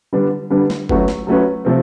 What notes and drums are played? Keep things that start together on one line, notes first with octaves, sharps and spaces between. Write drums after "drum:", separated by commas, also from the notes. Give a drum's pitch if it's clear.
D3 G3 B3 D4
D3 G3 B3 D4
drum: snare
F#3 A3 C#4 F#4 B4, drum: kick F#1
drum: snare
F#3 A3 C#4 F#4 B4
C3 F3 A3 C4